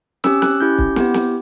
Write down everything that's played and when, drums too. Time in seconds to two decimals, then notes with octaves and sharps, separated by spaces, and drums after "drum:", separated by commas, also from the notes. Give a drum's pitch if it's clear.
0.24 C#4 G4 E6, drum: snare
0.42 F#6, drum: snare
0.60 C#4 E4 G4 G6
0.78 drum: kick
0.96 B3 E4 G4, drum: snare
1.14 drum: snare